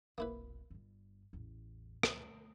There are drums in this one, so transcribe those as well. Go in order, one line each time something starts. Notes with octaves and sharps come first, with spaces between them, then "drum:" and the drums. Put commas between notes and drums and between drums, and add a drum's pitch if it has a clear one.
F1 B1 A#3 E4 B4
G1 G2
A1 E2
D2 A3, drum: rim click